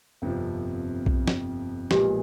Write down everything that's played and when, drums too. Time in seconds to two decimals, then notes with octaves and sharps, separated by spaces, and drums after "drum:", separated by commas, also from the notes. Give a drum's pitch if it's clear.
0.22 G1 F2 C3 F3
1.06 drum: kick B1
1.27 drum: snare
1.91 B1 A#2 F3 G#3 B3 G4, drum: snare